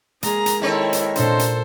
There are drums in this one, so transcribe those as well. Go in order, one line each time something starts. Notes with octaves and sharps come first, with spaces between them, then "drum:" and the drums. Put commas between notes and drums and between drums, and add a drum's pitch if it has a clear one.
G#3 A#3 G#4 A#5, drum: hi-hat
drum: hi-hat
D#3 C4 E4 A4 C#5
drum: hi-hat
A#2 D4 A4 C5 C6, drum: hi-hat
drum: hi-hat